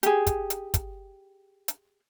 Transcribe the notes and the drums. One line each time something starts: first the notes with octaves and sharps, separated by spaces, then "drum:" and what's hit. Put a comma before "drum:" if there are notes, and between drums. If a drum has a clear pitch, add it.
G4 G#4, drum: hi-hat
drum: kick, hi-hat
drum: hi-hat
drum: kick, hi-hat
drum: hi-hat